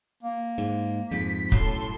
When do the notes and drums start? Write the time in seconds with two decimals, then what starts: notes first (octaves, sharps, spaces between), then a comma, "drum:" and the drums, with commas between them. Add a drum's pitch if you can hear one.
0.23 A#3
0.58 G#2
1.11 F2 G#2 B6
1.52 B1 F#2 A2 F#3 A4 C6, drum: kick